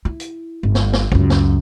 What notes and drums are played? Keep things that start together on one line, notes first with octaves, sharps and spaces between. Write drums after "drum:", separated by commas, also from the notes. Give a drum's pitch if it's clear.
E4
drum: hi-hat
G1
drum: snare
drum: snare
C#2 F#2, drum: kick
drum: snare